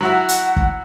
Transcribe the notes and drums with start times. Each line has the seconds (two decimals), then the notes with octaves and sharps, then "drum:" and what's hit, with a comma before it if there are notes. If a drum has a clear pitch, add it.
0.01 F#3 E4 F#4 F#5
0.29 drum: hi-hat
0.56 drum: kick G1